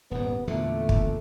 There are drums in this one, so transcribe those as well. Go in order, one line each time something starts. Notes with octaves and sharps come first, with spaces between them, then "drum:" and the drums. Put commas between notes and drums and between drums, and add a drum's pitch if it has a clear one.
D#1 G#2 B3
E2 A#2 D3 A3
drum: kick